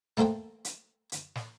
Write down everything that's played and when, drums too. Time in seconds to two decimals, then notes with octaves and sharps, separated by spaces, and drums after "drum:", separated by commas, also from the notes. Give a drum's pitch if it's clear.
0.17 A3 A#3 A4 C5 G5, drum: snare
0.65 drum: hi-hat
1.12 drum: hi-hat
1.35 drum: snare